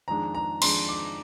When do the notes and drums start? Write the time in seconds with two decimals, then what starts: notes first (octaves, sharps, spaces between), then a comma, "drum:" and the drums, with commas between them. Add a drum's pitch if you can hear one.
0.08 F2 D#3 G#3 D4 A#5
0.35 A#5
0.62 F2 D#3 G#3 D4 C6, drum: cymbal
0.89 D6